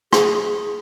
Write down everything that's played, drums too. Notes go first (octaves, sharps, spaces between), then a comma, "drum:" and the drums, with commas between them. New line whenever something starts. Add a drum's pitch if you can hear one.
G#4, drum: rim click